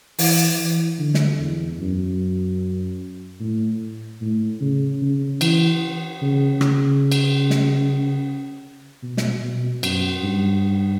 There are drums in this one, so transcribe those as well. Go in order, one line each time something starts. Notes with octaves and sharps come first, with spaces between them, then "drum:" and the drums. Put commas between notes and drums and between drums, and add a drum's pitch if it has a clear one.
E3, drum: open hi-hat
E3
D3
drum: snare
E2
F#2
A2
A2
C#3
C#3
E3, drum: cymbal
C#3
C#3, drum: rim click
drum: cymbal
drum: snare
B2
drum: snare
B2
F#2, drum: cymbal
G2